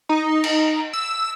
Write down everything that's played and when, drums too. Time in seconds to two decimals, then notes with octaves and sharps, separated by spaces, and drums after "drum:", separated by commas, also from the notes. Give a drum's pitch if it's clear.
0.09 D#4
0.44 drum: cymbal
0.93 E6